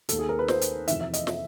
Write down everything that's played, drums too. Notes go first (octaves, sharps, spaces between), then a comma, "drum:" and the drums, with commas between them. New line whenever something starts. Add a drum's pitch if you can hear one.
D#2 D#3 A4, drum: hi-hat
G#4
A#4
B4
C5, drum: snare
drum: hi-hat
F2 C3 E3 E5, drum: hi-hat
E5
D#5, drum: hi-hat
drum: snare